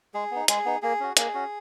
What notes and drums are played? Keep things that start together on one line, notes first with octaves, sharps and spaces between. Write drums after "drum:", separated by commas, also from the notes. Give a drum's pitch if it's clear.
G#3 G#4
B3 D#4
G#3 G#4, drum: hi-hat
B3 D#4
A#3 G#4
C#4 F#4
A#3 G#4, drum: hi-hat
C#4 F#4